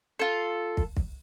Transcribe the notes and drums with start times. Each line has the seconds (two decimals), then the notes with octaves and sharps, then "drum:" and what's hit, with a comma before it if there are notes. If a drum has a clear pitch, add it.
0.19 F4 A4
0.77 drum: kick
0.97 drum: kick